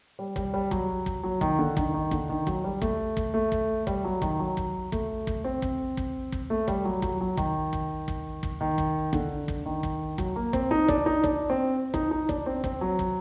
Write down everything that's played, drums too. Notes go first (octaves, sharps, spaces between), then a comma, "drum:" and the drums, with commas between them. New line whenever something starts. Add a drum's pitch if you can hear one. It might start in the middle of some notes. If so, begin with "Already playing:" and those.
G3
G3, drum: kick
G3
F#3, drum: kick
drum: kick
F#3
D#3, drum: kick
D3
D#3, drum: kick
D#3
D3, drum: kick
D#3
F#3, drum: kick
G3
A3, drum: kick
drum: kick
A3
drum: kick
G3, drum: kick
F#3
D#3, drum: kick
F#3
drum: kick
A3, drum: kick
drum: kick
C4
drum: kick
drum: kick
drum: kick
A3
G3, drum: kick
F#3
F#3, drum: kick
F#3
D#3, drum: kick
drum: kick
drum: kick
drum: kick
D#3
drum: kick
D3, drum: kick
drum: kick
D#3
drum: kick
F#3, drum: kick
A#3
C4, drum: kick
D#4
D4, drum: kick
D#4
D4, drum: kick
C4
D#4, drum: kick
D#4
D4, drum: kick
C4
C4, drum: kick
F#3
drum: kick